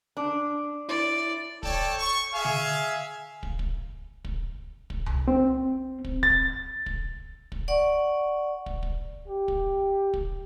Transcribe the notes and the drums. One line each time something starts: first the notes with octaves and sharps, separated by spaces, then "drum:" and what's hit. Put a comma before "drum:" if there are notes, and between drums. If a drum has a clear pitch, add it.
D4
E4 D5
A4 C#5 D5 G5 A5, drum: kick
C#6
G#4 E5 F5 G#5
drum: tom D3
drum: kick
drum: kick
drum: kick
drum: kick
drum: tom C2
C4
drum: kick
A6, drum: kick
drum: kick
drum: kick
D5 F#5 C#6
drum: kick
drum: kick
G4
drum: kick
drum: kick